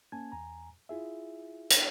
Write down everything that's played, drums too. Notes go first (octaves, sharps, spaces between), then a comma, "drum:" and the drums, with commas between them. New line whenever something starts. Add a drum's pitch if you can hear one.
A#3 C#4 G#5 A5 G#6
E2 G#5 A#5
E4 F4 G#4 E5
drum: hi-hat